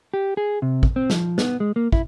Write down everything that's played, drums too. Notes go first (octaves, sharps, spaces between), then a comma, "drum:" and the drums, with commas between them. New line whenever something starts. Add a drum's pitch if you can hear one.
G4
G#4
C3
drum: kick
C4
F3, drum: snare
B3, drum: snare
G#3
A#3
E4, drum: kick